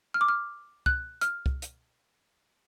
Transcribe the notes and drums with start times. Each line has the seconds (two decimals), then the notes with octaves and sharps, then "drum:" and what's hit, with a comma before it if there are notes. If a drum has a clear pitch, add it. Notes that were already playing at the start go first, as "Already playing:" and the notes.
0.14 F6
0.21 D6
0.29 F6
0.86 F#6, drum: kick C2
1.21 F6, drum: hi-hat
1.46 drum: kick C2
1.62 drum: hi-hat